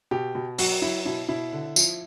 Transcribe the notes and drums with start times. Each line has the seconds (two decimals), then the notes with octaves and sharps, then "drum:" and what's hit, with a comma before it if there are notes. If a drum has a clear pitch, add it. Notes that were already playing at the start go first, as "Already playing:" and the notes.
0.11 B2 G4
0.35 B2
0.58 F#3 F#4, drum: open hi-hat
0.82 F#3 E4
1.05 B2 E4
1.29 B2 E4
1.53 D3
1.76 F3, drum: tambourine